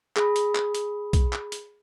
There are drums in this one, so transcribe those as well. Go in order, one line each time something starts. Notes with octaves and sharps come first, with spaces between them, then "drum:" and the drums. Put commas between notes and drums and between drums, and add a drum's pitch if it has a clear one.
G#4 B5, drum: clap
drum: hi-hat
drum: clap
drum: hi-hat
drum: kick, hi-hat
drum: clap
drum: hi-hat